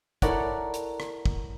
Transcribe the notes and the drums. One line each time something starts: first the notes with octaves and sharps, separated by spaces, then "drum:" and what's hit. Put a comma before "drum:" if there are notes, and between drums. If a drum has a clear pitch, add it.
E4 A4 A#4 C#5 D5 F#5, drum: kick, hi-hat
drum: hi-hat
drum: rim click
drum: kick